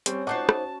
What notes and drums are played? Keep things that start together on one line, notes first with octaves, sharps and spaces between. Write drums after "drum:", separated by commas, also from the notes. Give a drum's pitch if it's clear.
G3 C4 C#4, drum: hi-hat
D#4 F#4 C5 D#5 F#5 A5 D6
drum: rim click